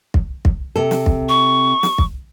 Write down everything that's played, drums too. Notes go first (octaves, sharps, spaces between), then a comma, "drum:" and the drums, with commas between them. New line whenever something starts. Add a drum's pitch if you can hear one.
drum: kick
drum: kick
C3 A4
drum: snare
drum: kick
C#6
drum: snare
drum: kick